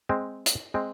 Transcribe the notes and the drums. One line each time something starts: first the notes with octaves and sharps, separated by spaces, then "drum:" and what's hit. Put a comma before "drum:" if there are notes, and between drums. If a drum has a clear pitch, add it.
G#3 C4
drum: hi-hat
G#3 C4